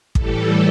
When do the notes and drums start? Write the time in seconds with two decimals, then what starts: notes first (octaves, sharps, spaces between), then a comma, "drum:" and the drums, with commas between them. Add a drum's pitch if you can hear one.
0.15 A2 E3 G3 A4, drum: kick